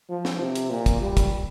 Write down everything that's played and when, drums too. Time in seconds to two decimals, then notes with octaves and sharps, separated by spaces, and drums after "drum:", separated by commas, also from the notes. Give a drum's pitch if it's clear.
0.10 F3
0.25 drum: snare
0.40 C3
0.55 drum: hi-hat
0.70 A#2
0.86 drum: kick, hi-hat
1.02 G3
1.17 drum: kick, hi-hat